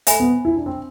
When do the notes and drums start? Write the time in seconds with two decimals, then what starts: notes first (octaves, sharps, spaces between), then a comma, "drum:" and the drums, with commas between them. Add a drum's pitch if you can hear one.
0.07 A3 C5 E5 G#5 B5, drum: hi-hat
0.20 B3
0.45 E4
0.56 D4
0.66 C4